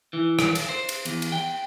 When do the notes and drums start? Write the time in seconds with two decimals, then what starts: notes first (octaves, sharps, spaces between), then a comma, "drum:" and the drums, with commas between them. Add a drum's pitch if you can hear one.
0.13 E3
0.39 drum: rim click
0.55 drum: cymbal
0.69 C5
0.89 drum: cymbal
1.05 E2, drum: cymbal
1.22 drum: cymbal
1.32 G5